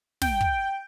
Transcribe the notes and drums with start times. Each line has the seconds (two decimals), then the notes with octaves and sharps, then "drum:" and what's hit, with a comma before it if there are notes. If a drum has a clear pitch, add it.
0.22 G5, drum: snare
0.41 drum: kick